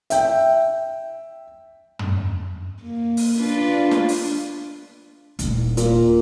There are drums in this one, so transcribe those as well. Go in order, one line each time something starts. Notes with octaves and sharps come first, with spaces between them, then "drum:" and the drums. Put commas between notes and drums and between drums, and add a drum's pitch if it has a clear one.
E5 G5, drum: hi-hat
drum: tom
A#3
drum: open hi-hat
D4 F4 B4
drum: snare
drum: open hi-hat
D#1 E4, drum: hi-hat
A#2, drum: hi-hat